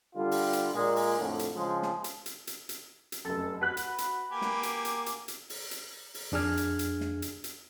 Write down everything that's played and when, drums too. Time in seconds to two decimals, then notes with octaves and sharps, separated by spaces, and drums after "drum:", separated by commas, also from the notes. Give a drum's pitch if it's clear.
0.16 D3 G3 F4
0.31 drum: open hi-hat
0.53 drum: hi-hat
0.75 A#2 G#3
0.96 drum: open hi-hat
1.18 F2 A2 D3
1.39 drum: hi-hat
1.55 C#3 F3 G#3
1.83 drum: snare
2.04 drum: hi-hat
2.26 drum: hi-hat
2.47 drum: hi-hat
2.69 drum: hi-hat
3.12 drum: hi-hat
3.25 F1 F#2 A4
3.61 F#4 B4 F#6 B6
3.77 drum: hi-hat
3.98 drum: hi-hat
4.32 A#3 G4 G#5
4.42 drum: snare
4.63 drum: hi-hat
4.85 drum: hi-hat
5.06 drum: hi-hat
5.28 drum: hi-hat
5.50 drum: open hi-hat
5.71 drum: hi-hat
6.14 drum: open hi-hat
6.32 F2 D4 G#4 F6 G#6
6.57 drum: hi-hat
6.79 drum: hi-hat
7.01 drum: snare
7.22 drum: hi-hat
7.44 drum: hi-hat